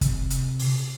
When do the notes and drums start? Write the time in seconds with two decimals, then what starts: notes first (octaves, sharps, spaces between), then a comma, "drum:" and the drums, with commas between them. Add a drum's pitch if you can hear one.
0.01 C3, drum: kick, hi-hat
0.30 drum: hi-hat
0.59 drum: open hi-hat